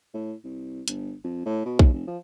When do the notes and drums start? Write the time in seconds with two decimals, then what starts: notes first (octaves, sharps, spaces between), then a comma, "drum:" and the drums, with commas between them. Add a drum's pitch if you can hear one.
0.14 A2
0.44 C2
0.88 G1, drum: hi-hat
1.24 F2
1.45 A2
1.65 B2
1.79 D#2, drum: kick A#1
1.93 F1
2.07 F3